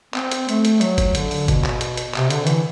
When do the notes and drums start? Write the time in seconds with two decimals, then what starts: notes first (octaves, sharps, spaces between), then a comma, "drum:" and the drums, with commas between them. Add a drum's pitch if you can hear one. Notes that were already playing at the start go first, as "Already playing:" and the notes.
0.14 C4, drum: clap
0.32 drum: hi-hat
0.49 A3, drum: hi-hat
0.65 drum: hi-hat
0.81 F#3, drum: hi-hat
0.98 drum: kick G1, hi-hat
1.15 D3, drum: hi-hat
1.31 drum: open hi-hat
1.48 B2, drum: kick G1, hi-hat
1.64 drum: clap
1.81 drum: hi-hat
1.97 drum: hi-hat
2.15 C3, drum: clap
2.30 D3, drum: hi-hat
2.47 E3, drum: hi-hat